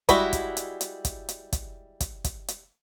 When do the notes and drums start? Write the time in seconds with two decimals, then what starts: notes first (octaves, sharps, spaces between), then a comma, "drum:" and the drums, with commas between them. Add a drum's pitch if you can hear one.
0.09 G3 G#3 E4 F#4 B5, drum: kick, hi-hat
0.33 drum: kick, hi-hat
0.57 drum: hi-hat
0.81 drum: hi-hat
1.05 drum: kick, hi-hat
1.29 drum: hi-hat
1.53 drum: kick, hi-hat
2.00 drum: kick, hi-hat
2.24 drum: kick, hi-hat
2.48 drum: hi-hat